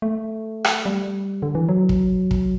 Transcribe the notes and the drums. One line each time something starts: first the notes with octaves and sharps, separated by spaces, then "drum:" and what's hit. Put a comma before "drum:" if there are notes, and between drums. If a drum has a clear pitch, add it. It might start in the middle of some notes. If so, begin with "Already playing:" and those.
A3
drum: rim click
G3
D3
E3
F#3
drum: kick
drum: kick